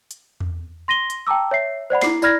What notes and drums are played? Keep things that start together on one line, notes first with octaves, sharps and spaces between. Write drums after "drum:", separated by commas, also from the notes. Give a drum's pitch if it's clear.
drum: hi-hat
drum: tom E2
C6 A#6 D#7 G7
drum: hi-hat
G5 A5 A#5 D6 E6
C#5 E5 C7
C5 D5 F#5 B5
E4 D6 C7, drum: snare
E4 D5 B5 F6 G#6 A#6, drum: tambourine